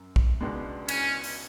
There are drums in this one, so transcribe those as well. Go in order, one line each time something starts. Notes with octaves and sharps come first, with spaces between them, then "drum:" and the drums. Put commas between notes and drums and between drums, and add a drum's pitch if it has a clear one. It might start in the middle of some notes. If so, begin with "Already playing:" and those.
Already playing: F#2
drum: kick
C#2 B2 G#3 D4
C#4, drum: cymbal
drum: open hi-hat